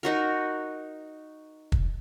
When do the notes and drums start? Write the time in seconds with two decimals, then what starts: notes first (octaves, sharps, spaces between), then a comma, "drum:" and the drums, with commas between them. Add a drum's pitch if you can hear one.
0.03 D#4 F#4 A#4
1.72 drum: kick